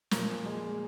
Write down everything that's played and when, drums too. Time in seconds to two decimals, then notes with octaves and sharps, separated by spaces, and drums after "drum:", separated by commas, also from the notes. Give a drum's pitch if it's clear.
0.11 A#2 F3 A#3, drum: snare
0.46 G#3